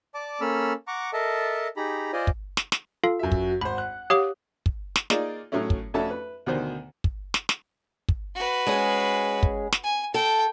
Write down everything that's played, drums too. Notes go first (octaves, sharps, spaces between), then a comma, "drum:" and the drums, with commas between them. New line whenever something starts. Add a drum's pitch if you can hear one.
D5 A5 D6
A#3 C#4 A4 B5 E6 F6
F#5 A#5 C#6 D6
A4 A#4 D#5 E5 A5
D#4 G4 G#4 A#5 B5
F4 C5 D5 D#5 G#5
drum: kick
drum: snare
drum: snare
F4 A4 F5
F#2 F#4 E5
drum: kick
G#1 C5 F#5 B5
F#6
G4 C#5 F5 D6
drum: kick
drum: snare
A#3 D#4 F4 G#4 D5, drum: snare
A2 F#3 A3 C#4 E4
drum: kick
F2 A3 C#4 F#4 E5 A5
B4
D2 B2 D#3 C5
drum: kick
drum: snare
drum: snare
drum: kick
F#4 B4
G#3 C#4 G#4
drum: kick
drum: snare
G#5
A4 G5